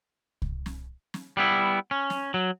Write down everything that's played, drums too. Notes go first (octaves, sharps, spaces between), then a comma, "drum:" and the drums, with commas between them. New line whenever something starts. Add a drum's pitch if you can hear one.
drum: kick C2
drum: snare
drum: snare
G3 B3 E4
C#4
drum: snare
F#3